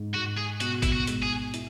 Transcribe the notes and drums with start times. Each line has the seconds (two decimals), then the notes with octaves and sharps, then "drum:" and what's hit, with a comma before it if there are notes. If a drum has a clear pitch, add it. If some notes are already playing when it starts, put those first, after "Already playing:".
Already playing: G#2
0.14 G#2 F#4
0.37 G#4
0.60 B2 F#4, drum: hi-hat
0.83 E4, drum: kick G#1, hi-hat
0.92 F#4
1.07 G#3, drum: hi-hat
1.23 G#4
1.54 E4, drum: hi-hat